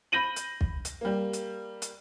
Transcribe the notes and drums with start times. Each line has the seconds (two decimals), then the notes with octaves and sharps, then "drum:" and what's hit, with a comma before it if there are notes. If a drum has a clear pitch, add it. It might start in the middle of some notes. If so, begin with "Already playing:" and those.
0.12 B5 G6 A#6 D#7 F#7
0.36 drum: hi-hat
0.61 drum: kick
0.85 drum: hi-hat
1.01 G3 A#3
1.33 drum: hi-hat
1.82 drum: hi-hat